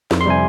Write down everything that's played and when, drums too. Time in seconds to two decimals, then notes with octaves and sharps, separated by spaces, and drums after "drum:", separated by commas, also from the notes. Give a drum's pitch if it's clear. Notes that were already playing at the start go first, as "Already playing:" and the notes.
0.11 F2, drum: snare
0.21 C6
0.26 C3 G3 G#5